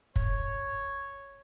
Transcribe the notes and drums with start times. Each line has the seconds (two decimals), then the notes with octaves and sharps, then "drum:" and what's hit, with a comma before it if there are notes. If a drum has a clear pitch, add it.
0.16 C#5, drum: kick